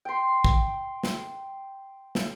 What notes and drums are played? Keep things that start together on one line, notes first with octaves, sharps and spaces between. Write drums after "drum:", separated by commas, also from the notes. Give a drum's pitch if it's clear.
G5 C6
drum: kick A#1
drum: snare
drum: snare